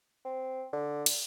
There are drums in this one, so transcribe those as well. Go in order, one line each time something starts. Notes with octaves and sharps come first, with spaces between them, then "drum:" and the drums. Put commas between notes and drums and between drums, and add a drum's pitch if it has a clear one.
C4
D3
drum: cymbal